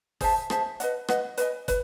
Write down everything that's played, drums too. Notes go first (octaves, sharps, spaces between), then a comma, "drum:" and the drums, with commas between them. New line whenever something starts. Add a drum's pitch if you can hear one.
G#4 C5 E5 A5, drum: kick, open hi-hat
G#4 C5 E5 A5, drum: rim click
B4 D#5 F#5, drum: hi-hat
B4 D#5 F#5, drum: rim click
B4 D#5 G#5, drum: hi-hat
B4, drum: kick, hi-hat